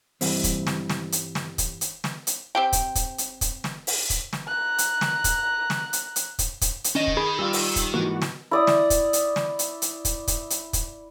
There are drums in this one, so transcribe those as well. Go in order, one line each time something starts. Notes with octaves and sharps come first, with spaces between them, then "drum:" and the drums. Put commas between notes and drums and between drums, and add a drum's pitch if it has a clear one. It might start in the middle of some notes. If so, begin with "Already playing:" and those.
G2 E3 G3 C4, drum: open hi-hat
drum: kick, hi-hat
drum: snare
drum: snare
drum: hi-hat
drum: snare
drum: kick, hi-hat
drum: hi-hat
drum: snare
drum: hi-hat
C4 G4 G5
drum: kick, hi-hat
drum: kick, hi-hat
drum: hi-hat
drum: kick, hi-hat
drum: snare
drum: open hi-hat
drum: kick, hi-hat
drum: snare
A#5 F#6
drum: hi-hat
drum: snare
drum: kick, hi-hat
drum: snare
drum: hi-hat
drum: hi-hat
drum: kick, hi-hat
drum: kick, hi-hat
drum: hi-hat
D#3 C#4 D#5
drum: kick
G#4 B5
G3 F4 E6
drum: open hi-hat
drum: kick, hi-hat
G#2 E3 A#3 F#4
drum: snare
E4 D5 D#6
drum: snare
drum: kick, hi-hat
drum: hi-hat
drum: snare
drum: hi-hat
drum: hi-hat
drum: kick, hi-hat
drum: kick, hi-hat
drum: hi-hat
drum: kick, hi-hat